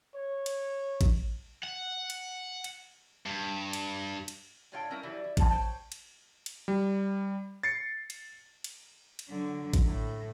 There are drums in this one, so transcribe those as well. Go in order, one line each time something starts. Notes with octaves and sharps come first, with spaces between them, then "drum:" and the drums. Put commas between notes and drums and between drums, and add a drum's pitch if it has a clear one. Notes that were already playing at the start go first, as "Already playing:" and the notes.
C#5
drum: cymbal
drum: kick A1, cymbal
F#5
drum: cymbal
drum: cymbal
G2
drum: cymbal
drum: cymbal
A2 D3 F4 C#5 F5 G5
G3 C#4 E4 A#4
E3 F#3 G3 E4
E4
F3 G#4 A4, drum: kick A1, cymbal
C5 C#5 G5
drum: cymbal
drum: cymbal
G3
A6 C7 C#7
drum: cymbal
drum: cymbal
drum: cymbal
D3 F#3
drum: kick A1, cymbal
A2